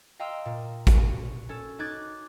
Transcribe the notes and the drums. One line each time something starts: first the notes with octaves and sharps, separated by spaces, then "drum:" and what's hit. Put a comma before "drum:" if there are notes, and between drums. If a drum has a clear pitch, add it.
D#5 F5 G5 A#5 C6 E6
A#2
F#4 D#7, drum: kick A1, hi-hat
C#4 A4
D#4 D6 F#6 G#6 A6